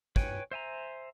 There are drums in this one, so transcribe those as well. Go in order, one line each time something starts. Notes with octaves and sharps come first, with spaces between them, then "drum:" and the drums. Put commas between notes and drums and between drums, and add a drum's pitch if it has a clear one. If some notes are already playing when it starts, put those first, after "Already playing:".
B4 C#5 G5 G#5, drum: kick
C5 E5 G#5 A#5